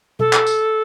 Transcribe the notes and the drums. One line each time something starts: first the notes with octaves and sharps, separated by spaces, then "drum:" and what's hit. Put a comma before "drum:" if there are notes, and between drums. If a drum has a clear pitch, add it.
A4, drum: tom B2
drum: clap
drum: tambourine